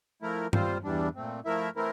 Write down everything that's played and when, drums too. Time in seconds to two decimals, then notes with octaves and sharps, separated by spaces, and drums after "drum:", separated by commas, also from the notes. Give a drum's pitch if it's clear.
0.22 F3 A3 E4 A#4
0.53 G3 C4 F4 C5, drum: tom G2
0.84 E2 E3 G3 D4
1.15 A#2 A3 C4
1.45 F3 A3 E4 A#4 E5
1.76 E3 A3 C4 E4 A#4